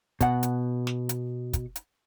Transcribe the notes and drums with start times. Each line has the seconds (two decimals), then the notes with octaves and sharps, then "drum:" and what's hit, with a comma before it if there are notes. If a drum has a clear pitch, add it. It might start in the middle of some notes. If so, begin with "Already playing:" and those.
0.21 B2 F#5, drum: kick, hi-hat
0.43 drum: hi-hat
0.87 drum: snare
1.09 drum: hi-hat
1.53 drum: kick, hi-hat
1.76 drum: hi-hat